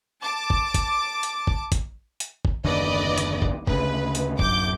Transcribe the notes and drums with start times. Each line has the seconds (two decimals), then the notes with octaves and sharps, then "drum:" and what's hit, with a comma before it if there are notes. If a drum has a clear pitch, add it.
0.22 A5 D6
0.50 drum: kick
0.74 drum: kick, hi-hat
1.23 drum: hi-hat
1.47 drum: kick
1.72 drum: kick, hi-hat
2.20 drum: hi-hat
2.45 drum: kick
2.65 F#1 D#2 D3 B4 D5 D#5
3.18 drum: hi-hat
3.42 drum: kick
3.67 D2 C#3 B4, drum: kick
4.15 drum: hi-hat
4.39 D1 F#2 D6 G6, drum: kick